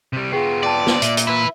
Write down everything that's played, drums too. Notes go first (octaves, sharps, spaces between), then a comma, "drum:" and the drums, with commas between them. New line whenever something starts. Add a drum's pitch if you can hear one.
C3 G3
B3 F4 G#4 G5 C7
D5 G5 A5
drum: snare
A#2 E5, drum: hi-hat
drum: hi-hat
E4 B4